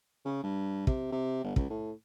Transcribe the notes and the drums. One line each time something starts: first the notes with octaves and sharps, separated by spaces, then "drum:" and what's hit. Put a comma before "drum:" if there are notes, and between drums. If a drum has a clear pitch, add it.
C#3
G2
C3, drum: kick
C3
G1
C#2, drum: kick
A2